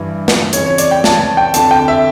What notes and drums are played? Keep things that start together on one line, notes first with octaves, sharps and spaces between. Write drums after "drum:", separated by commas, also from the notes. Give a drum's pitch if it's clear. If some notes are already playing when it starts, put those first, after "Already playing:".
Already playing: G2 E3
drum: snare
F2 C#3 E3 C#5, drum: hi-hat
C#5
D5, drum: hi-hat
G5
A5, drum: snare
A5
G5
F2 D3 A5, drum: hi-hat
G5
E5